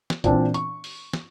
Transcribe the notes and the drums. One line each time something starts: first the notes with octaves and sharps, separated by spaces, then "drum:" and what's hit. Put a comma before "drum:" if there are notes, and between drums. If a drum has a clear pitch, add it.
drum: snare
A#2 E3 C4 D4, drum: kick B1, hi-hat
C#6, drum: hi-hat
drum: open hi-hat
drum: snare